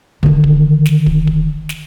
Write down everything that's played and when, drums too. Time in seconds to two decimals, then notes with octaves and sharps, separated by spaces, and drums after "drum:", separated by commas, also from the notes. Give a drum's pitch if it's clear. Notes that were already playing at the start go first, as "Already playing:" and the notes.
0.23 D3 D#3, drum: kick
0.44 drum: kick
0.85 drum: snare
1.06 drum: kick
1.27 drum: kick
1.69 drum: snare